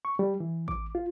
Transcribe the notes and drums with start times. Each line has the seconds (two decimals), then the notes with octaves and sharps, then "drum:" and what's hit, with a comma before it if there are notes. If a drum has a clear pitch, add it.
0.05 C#6
0.19 G3
0.40 E3
0.68 D6, drum: kick A1
0.95 F4